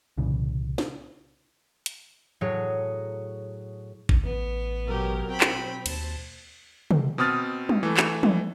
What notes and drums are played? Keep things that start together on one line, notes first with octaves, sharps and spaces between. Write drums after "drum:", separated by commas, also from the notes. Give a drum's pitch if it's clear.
C2 A#2 C#3 E3
drum: snare
drum: hi-hat
A2 F#3 G#4 C#5
drum: kick
A1 B3 B4
B2 F#3 G4 A#4
C4 G5 B5
drum: clap
D#2 C5 A5, drum: cymbal
drum: tom
B2 C4 D#6 F6 A6
drum: tom
E3 A3
drum: clap
drum: tom